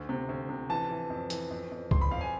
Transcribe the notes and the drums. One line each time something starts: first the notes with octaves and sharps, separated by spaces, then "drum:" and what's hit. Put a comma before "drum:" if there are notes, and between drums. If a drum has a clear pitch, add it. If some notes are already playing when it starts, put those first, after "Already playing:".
Already playing: D2
C3
D2
C3
E3 A5
E3
F2
E3, drum: hi-hat
F2
F2
F2 C6, drum: kick C#2
B5
F2 F5
G#5